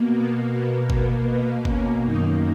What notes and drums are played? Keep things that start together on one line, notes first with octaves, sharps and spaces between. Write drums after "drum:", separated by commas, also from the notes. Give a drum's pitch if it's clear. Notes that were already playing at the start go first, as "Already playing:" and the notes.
Already playing: B2 A#3
B3
B3
B3, drum: kick G1
B3
C#4, drum: kick G1
F#2 D#3 A#3 D#4